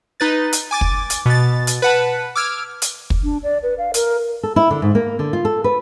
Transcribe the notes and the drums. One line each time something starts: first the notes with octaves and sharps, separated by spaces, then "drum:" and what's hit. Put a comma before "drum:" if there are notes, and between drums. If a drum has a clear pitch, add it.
D#4 B4 A6
drum: hi-hat
G#5 D6 A6
drum: kick
drum: hi-hat
B2 A6
drum: hi-hat
B4 F#5 A5
D6 E6 F6 G#6 D7
drum: hi-hat
drum: kick
D4
D5
B4
F5
A#4, drum: hi-hat
A4
E4
D3
G#2
A#3
D3
F4
A4
B4